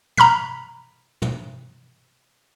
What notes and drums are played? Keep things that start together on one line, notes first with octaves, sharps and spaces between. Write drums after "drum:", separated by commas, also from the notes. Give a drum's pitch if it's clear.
A#5 B5 F6 B6, drum: tom
drum: tom